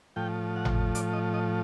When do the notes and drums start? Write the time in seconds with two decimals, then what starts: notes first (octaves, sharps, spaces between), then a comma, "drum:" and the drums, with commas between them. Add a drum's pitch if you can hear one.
0.16 A2 F3 G5
0.56 F#5
0.65 drum: tom G#1
0.95 D5, drum: hi-hat
1.13 D#5
1.34 D#5